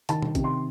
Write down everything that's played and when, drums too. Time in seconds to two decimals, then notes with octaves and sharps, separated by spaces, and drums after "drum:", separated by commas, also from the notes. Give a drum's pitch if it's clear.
0.09 D#3 A5, drum: hi-hat
0.22 drum: tom B2
0.35 C3, drum: kick, hi-hat
0.44 C6